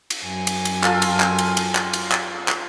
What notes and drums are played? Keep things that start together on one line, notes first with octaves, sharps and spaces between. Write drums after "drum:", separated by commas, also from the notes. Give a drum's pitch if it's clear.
drum: cymbal
F#2 G#5
drum: cymbal
drum: cymbal
F4 A4 A5, drum: clap
drum: cymbal
drum: clap
drum: cymbal
drum: cymbal
drum: clap
drum: cymbal
drum: clap
drum: clap